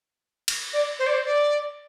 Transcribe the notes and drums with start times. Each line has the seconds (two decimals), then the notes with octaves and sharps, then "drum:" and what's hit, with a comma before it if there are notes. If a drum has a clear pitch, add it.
0.48 drum: cymbal
0.73 D5
0.99 C5
1.07 D5
1.14 C5
1.25 D5